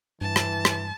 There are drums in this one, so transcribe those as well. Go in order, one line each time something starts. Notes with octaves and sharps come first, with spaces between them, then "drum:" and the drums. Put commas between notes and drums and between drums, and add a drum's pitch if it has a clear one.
G2 E3 A5
drum: rim click
drum: rim click